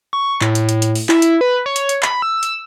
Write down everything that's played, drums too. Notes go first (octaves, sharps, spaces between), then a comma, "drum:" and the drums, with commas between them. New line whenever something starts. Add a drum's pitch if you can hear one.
C#6
A2, drum: clap
drum: hi-hat
drum: hi-hat
drum: hi-hat
drum: open hi-hat
E4, drum: clap
drum: hi-hat
B4
C#5
drum: hi-hat
drum: hi-hat
B5, drum: clap
E6
drum: hi-hat